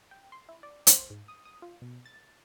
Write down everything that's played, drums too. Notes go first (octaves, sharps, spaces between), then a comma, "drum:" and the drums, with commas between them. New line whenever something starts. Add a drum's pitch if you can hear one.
G5
C6
E4
D5
C5, drum: hi-hat
G#2
D#6
D#6
F4
B2
A6